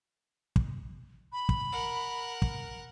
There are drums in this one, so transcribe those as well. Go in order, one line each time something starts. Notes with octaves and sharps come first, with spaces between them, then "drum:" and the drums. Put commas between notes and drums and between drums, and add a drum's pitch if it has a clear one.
drum: kick
B5
drum: kick
A#4 F#5
drum: kick